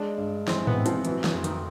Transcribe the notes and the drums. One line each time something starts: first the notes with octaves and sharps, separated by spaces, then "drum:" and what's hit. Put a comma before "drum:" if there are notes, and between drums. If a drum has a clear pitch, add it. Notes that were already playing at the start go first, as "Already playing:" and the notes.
Already playing: G#3 D4
G2
E3 C4, drum: snare
B3, drum: tom G#2
C4
F3, drum: hi-hat
E3 F#3, drum: hi-hat
E3, drum: snare
F2
D#3, drum: hi-hat